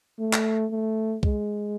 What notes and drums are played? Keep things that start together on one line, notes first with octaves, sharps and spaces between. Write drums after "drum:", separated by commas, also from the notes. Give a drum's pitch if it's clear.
A3
drum: clap
A3
G#3, drum: kick C2